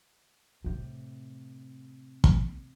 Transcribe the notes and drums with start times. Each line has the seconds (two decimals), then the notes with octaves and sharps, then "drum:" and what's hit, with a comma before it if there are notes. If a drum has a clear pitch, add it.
0.64 A2 C3
2.24 drum: kick